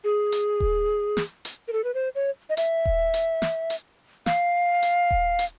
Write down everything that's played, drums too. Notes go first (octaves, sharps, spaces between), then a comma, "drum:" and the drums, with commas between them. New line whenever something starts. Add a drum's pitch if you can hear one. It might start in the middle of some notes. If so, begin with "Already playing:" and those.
G#4
drum: hi-hat
drum: kick D#1
drum: snare
drum: hi-hat
A#4
A4
B4
C5
C#5
D#5
E5, drum: hi-hat
drum: kick D#1
drum: hi-hat
drum: snare
drum: hi-hat
F5, drum: snare
drum: hi-hat
drum: kick D#1
drum: hi-hat